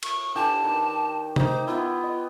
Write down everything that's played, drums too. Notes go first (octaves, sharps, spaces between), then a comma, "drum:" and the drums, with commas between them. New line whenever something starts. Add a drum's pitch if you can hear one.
C#6, drum: cymbal
D3 E3 G4 A5
D#3
D#4 C5, drum: tom C3
B3 E4 F4
D#5